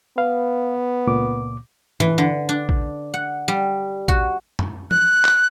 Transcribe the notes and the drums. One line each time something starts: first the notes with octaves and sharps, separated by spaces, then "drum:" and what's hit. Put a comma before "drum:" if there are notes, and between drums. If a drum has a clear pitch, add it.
B3 B4 F5
C#2 A#2 D6
E3, drum: tom G2
D3
D4
drum: kick A#1
F#5
G3
F#4, drum: kick A#1
drum: tom
F#6, drum: tom E3
drum: clap